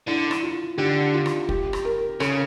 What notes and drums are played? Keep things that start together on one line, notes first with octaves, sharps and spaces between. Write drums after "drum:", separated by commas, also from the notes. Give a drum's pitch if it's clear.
D3 E4
drum: rim click
F4
D3 G4
F4
drum: rim click
G4, drum: kick
drum: rim click
A#4
C#3 A4, drum: rim click